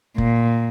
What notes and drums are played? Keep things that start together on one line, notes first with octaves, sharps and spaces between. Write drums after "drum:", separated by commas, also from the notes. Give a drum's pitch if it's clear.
A#2, drum: kick F1